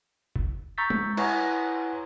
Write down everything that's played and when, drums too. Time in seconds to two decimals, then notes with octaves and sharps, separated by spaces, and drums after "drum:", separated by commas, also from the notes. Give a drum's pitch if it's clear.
0.36 drum: kick
0.78 A#5 C#6 E6 G6 A6 B6
0.90 drum: tom G#3
1.17 E4 B4 C#5 F#5 G#5 A#5, drum: cymbal